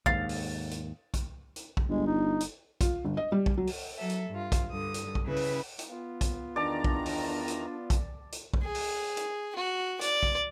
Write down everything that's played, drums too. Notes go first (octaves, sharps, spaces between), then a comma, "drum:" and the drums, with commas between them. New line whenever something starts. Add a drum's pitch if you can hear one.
D#2 G#2 F5 A6, drum: kick A#1
drum: open hi-hat
drum: hi-hat
drum: kick A#1, hi-hat
drum: hi-hat
drum: kick A#1
G1 G#3
D#4
drum: hi-hat
F4, drum: kick A#1, hi-hat
G1
D#5
G3
drum: kick A#1
F#3
drum: open hi-hat
F#3 A4 E5
drum: hi-hat
G2 F4
drum: kick A#1, hi-hat
G2 D3 D#6
drum: hi-hat
drum: kick A#1
C#3 E4 B4
drum: open hi-hat
drum: hi-hat
B3 F4
drum: kick A#1, hi-hat
E2 D#3 D4 D5 A5 A#5
drum: kick A#1
drum: open hi-hat
drum: hi-hat
drum: kick A#1, hi-hat
drum: hi-hat
drum: kick A#1
G#4
drum: open hi-hat
drum: hi-hat
F#4
D5, drum: hi-hat
drum: kick A#1